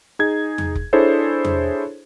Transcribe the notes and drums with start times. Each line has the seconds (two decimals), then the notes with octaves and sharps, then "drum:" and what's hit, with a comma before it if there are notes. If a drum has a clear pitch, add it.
0.19 D#4 G#4 G#6
0.58 drum: tom E2
0.75 drum: kick F1
0.93 D4 E4 G#4 A4 C5 C#5
1.45 drum: tom E2